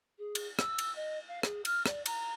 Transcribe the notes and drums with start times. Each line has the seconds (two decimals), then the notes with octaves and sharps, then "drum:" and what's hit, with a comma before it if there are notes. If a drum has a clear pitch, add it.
0.18 G#4
0.35 drum: cymbal
0.59 E6, drum: rim click
0.78 drum: cymbal
0.95 D#5
1.28 F5
1.43 G#4, drum: rim click
1.65 F6, drum: cymbal
1.86 D5, drum: rim click
2.06 A#5, drum: cymbal